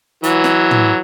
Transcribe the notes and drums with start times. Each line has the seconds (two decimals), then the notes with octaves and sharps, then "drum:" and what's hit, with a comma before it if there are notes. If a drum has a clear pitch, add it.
0.23 E3 F#3, drum: hi-hat
0.44 drum: snare
0.71 drum: tom